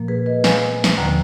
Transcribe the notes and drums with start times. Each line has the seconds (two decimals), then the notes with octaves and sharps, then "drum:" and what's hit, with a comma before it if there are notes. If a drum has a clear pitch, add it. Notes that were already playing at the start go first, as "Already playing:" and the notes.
Already playing: A#2 F3 A#3
0.08 G#4 B4
0.26 B4 D#5
0.44 F5 G#5, drum: snare
0.84 drum: snare
0.97 D#2 D3 F3 F#5 A#5